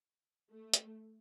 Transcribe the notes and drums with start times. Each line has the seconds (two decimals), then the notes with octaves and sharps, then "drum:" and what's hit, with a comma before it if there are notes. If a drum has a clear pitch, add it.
0.52 A3
0.74 drum: hi-hat